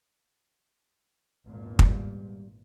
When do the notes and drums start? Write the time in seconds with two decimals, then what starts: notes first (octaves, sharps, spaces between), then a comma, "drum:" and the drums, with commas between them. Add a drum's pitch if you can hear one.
1.46 G#1 E2 A#2
1.79 G3, drum: kick